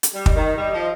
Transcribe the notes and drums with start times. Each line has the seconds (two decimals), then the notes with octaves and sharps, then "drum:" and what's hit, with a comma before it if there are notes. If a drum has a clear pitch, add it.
0.03 drum: hi-hat
0.15 G3
0.26 D#5, drum: kick
0.36 D#3
0.57 G3
0.73 F3